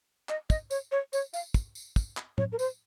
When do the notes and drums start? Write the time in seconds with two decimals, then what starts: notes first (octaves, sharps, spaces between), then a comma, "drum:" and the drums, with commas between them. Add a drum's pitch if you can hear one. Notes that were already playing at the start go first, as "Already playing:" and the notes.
0.29 D#5, drum: clap
0.50 D#5, drum: kick, tambourine
0.71 C#5, drum: tambourine
0.92 C#5
1.13 C#5, drum: tambourine
1.34 F5, drum: tambourine
1.54 drum: kick, tambourine
1.75 drum: tambourine
1.96 drum: kick, tambourine
2.17 drum: clap
2.38 C#5, drum: tom
2.52 A#4
2.59 C5, drum: tambourine